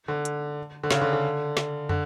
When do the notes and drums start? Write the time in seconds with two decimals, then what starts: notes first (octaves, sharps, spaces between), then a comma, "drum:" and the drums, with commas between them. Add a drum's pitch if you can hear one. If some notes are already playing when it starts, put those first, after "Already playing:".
0.08 D3
0.25 drum: hi-hat
0.84 D3
0.91 C#3, drum: snare
1.01 D3
1.13 D3
1.57 drum: snare
1.89 D3, drum: tom